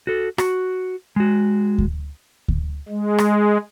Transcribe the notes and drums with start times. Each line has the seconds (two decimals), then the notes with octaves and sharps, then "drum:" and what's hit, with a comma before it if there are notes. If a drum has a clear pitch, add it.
0.07 F#4 A4
0.38 F#4, drum: rim click
1.16 G#3 F#4
1.78 drum: kick D2
2.48 drum: kick D2
2.89 G#3
3.18 drum: rim click